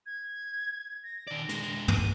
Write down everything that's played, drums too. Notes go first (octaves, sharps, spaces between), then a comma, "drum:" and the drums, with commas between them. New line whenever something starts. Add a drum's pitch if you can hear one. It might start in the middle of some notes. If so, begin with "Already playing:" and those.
G#6
A#6
D#3 D5
G#3 D4, drum: hi-hat
D#7, drum: tom